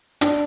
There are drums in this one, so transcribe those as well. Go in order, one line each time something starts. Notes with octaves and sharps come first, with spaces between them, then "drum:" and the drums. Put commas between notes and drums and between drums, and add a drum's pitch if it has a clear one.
D4, drum: hi-hat